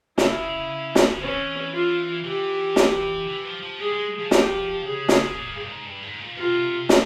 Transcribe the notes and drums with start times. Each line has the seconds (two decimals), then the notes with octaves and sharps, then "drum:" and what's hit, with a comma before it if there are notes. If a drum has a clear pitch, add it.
0.18 C#3 E4, drum: snare
0.95 drum: snare
1.21 E3 C#4
1.73 F4
2.24 E3 G4
2.76 drum: snare
3.27 E3
3.45 F3
3.62 F3
3.79 G3 G#4
3.92 G#3
4.19 F3
4.31 G4, drum: snare
4.82 C#3 G#4
5.09 drum: snare
5.35 A#2
5.51 G2
5.65 A#2
5.69 G#2
5.85 G2
6.03 G#2
6.20 A#2
6.37 C3 F4
6.89 drum: snare